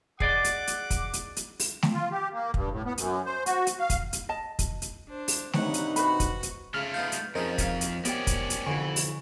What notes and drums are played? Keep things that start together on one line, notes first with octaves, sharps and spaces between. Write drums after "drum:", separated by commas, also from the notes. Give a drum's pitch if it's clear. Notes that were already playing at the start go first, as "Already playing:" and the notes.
G#4 D5 D#5 F#5 D6, drum: kick
drum: hi-hat
drum: hi-hat
drum: kick, hi-hat
drum: hi-hat
drum: hi-hat
drum: open hi-hat
drum: snare A3
F4
G4
A#3
G2, drum: kick
A2
B3
F#2, drum: hi-hat
C5
F#4, drum: hi-hat
drum: hi-hat
F5
drum: kick, hi-hat
drum: hi-hat
D#5 A5
drum: kick, hi-hat
drum: hi-hat
D4 C5
drum: open hi-hat
G2 C3 D#4 B4 C#5 F#5, drum: snare A3
drum: hi-hat
F#4 B4 C5 F#5 B5, drum: hi-hat
drum: kick, hi-hat
drum: hi-hat
C#3 A3 F4 F6
B3 D#4 F5 G6
drum: hi-hat
F2 F3 C#4 D#4 G#4 A#4 C5 D#5
D#4 C#5 F5 F6 B6, drum: kick, hi-hat
drum: hi-hat
B3 C#4 G4 D5 G5, drum: hi-hat
drum: kick, hi-hat
drum: hi-hat
B1 F2 D3 E3 G#5 C#6
drum: open hi-hat